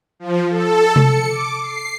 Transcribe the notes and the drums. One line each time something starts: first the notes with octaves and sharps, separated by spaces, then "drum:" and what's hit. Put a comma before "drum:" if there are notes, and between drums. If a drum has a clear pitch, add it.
F3
A4
C#7, drum: tom C3
D6
C7